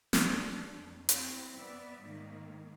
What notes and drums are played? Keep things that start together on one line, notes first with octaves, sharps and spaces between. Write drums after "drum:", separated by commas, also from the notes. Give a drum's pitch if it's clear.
D4, drum: snare
F2
C4 E4, drum: hi-hat
B3 D5 E5
G#2 D#3 A#3